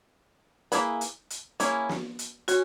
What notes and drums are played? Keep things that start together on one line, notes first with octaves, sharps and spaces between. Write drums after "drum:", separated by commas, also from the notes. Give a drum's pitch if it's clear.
A#3 E4 G#4 B4, drum: hi-hat
drum: hi-hat
drum: hi-hat
A#3 C#4 E4 G#4, drum: hi-hat
drum: snare
drum: hi-hat
C#4 F#4, drum: hi-hat